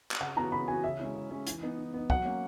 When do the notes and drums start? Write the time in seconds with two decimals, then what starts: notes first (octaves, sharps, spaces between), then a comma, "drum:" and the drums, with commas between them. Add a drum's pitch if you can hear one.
0.11 drum: clap
0.21 C#3 F#5
0.36 E3 B3 F#4 A#5
0.52 C#3 B5
0.68 E3 B3 F#4 G#5
0.84 C#3 E5
1.00 G#3 C#4 E4
1.15 C#3
1.31 G#3 C#4 E4
1.47 E3, drum: hi-hat
1.62 B3 D#4
1.78 E3
1.94 B3 D#4
2.10 F#3 F#5, drum: kick
2.25 A#3 C#4